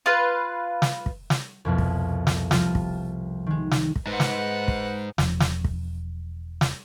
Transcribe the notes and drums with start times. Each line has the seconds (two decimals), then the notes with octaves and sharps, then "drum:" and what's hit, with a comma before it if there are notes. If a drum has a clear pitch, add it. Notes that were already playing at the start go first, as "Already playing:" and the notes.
0.06 F4 B4 F5
0.82 drum: snare
1.06 drum: kick
1.30 drum: snare
1.65 C2 F2 B2
1.78 drum: kick
2.27 drum: snare
2.51 F3 G3 C4 F4, drum: snare
2.75 drum: kick
3.46 D#3 G#3
3.71 drum: snare
3.96 drum: kick
4.07 G#2 B4 F#5
4.20 drum: snare
4.68 drum: kick
5.18 E1 F3, drum: snare
5.40 drum: snare
5.65 drum: kick
6.61 drum: snare